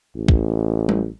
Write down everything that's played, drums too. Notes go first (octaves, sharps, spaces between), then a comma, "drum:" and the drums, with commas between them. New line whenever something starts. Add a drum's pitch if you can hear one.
A1
drum: kick
drum: tom G3